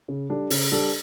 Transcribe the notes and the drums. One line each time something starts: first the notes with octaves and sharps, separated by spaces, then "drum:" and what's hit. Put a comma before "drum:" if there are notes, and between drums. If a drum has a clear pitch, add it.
C#3
G3 D4 A4
C#3, drum: open hi-hat
G3 D4 A4